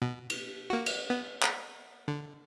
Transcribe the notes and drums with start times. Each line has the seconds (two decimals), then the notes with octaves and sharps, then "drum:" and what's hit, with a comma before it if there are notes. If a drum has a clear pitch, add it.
0.02 B2
0.30 drum: cymbal
0.70 A#3 F#4
0.86 drum: cymbal
1.10 B3
1.43 drum: clap
2.08 D3